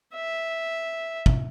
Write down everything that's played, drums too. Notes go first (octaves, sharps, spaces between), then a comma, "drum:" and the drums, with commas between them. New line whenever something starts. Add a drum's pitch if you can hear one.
E5
drum: kick